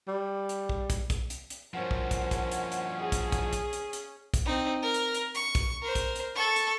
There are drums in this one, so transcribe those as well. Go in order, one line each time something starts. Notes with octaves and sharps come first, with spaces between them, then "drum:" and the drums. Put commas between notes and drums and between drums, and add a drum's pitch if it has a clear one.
G3
drum: hi-hat
drum: kick
drum: kick, hi-hat
drum: kick, hi-hat
drum: hi-hat
drum: hi-hat
G2 F3 C#4 A#4 C5 F#5
drum: kick
drum: kick, hi-hat
drum: kick, hi-hat
drum: hi-hat
drum: hi-hat
G#4
drum: kick, hi-hat
drum: kick, hi-hat
drum: kick, hi-hat
drum: hi-hat
drum: hi-hat
drum: kick, hi-hat
C4 D#4
A#4
drum: hi-hat
drum: hi-hat
C#6, drum: hi-hat
drum: kick, hi-hat
A#4 C5
drum: kick, hi-hat
drum: hi-hat
A4 C#6
drum: hi-hat